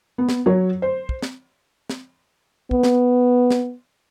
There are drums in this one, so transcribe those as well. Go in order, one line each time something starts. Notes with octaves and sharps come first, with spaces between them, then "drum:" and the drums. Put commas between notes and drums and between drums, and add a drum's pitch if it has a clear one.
B3
drum: snare
F#3 C#5
C5
drum: kick
drum: snare
drum: snare
B3, drum: kick
drum: snare
drum: snare